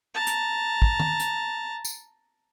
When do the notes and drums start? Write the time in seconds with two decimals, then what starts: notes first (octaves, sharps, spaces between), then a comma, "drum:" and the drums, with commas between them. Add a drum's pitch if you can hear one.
0.15 A5 A#5
0.27 drum: hi-hat
0.82 drum: kick
1.00 drum: tom D#3
1.20 drum: hi-hat
1.85 drum: tambourine